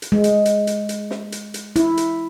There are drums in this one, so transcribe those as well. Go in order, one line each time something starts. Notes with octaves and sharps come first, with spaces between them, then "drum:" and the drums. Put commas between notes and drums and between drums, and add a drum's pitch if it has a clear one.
drum: hi-hat
G#3
drum: hi-hat
drum: hi-hat
drum: hi-hat
drum: hi-hat
drum: snare
drum: hi-hat
drum: hi-hat
E4, drum: hi-hat
drum: hi-hat